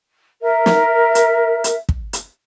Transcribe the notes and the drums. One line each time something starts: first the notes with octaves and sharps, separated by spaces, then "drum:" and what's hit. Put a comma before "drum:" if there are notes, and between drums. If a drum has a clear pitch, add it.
A#4 E5
drum: snare
drum: hi-hat
drum: hi-hat
drum: kick
drum: hi-hat